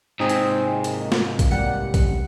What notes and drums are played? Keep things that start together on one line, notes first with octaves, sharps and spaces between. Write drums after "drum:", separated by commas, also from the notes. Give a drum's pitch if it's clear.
G#2 C3 C4 D#4 G#4
drum: hi-hat
A#3, drum: hi-hat
drum: snare
drum: kick A#1, hi-hat
G3 F#5 C#7
drum: kick A#1, hi-hat